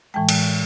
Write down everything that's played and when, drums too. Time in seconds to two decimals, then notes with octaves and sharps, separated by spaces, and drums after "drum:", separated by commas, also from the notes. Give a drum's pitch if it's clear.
0.14 A2 E3 G#3 G5 A5
0.29 drum: cymbal